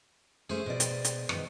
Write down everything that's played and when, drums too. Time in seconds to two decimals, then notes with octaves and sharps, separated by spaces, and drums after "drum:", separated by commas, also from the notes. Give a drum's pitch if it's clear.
0.50 A3 C#4 G#4 C5
0.66 B2 D5
0.80 drum: hi-hat
1.04 drum: hi-hat
1.29 D#3 B3, drum: rim click